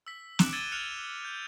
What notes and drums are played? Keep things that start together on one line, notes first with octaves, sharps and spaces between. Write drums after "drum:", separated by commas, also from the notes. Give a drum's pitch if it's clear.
E6 B6
D6 E6 F#6 C#7 D7 E7, drum: snare
E6 G#6 A6 D#7 E7 G7
F6 F#6 C#7 E7 F7
G6